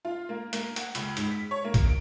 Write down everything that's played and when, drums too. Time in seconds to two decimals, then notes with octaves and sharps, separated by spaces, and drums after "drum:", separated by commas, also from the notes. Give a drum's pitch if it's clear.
0.05 F4
0.29 A#3
0.53 A#3, drum: hi-hat
0.76 F#5, drum: hi-hat
0.95 C#2, drum: hi-hat
1.17 G#2, drum: hi-hat
1.30 B6
1.51 C#5
1.64 A#3
1.74 drum: kick, hi-hat
1.85 D7